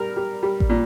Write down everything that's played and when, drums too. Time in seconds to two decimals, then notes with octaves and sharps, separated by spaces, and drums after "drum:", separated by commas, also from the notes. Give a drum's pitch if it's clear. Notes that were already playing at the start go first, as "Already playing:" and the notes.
Already playing: G3 A#4
0.16 G3
0.43 G3
0.60 drum: kick A1
0.69 A#2